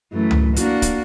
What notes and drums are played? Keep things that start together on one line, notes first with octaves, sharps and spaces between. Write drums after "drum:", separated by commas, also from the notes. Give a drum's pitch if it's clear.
F#2 E3 A3
drum: tom C#2
A#3 D4 F#4, drum: hi-hat
drum: kick, hi-hat